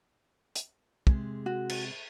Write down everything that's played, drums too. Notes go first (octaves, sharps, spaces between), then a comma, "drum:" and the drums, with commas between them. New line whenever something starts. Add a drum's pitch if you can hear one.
drum: hi-hat
C3 G#3 G#4, drum: kick
F#4
drum: cymbal